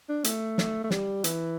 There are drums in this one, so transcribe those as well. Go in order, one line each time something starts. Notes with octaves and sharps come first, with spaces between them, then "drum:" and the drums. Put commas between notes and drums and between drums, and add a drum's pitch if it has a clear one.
D4
A3, drum: hi-hat
drum: snare
A3
G3, drum: snare
E3, drum: hi-hat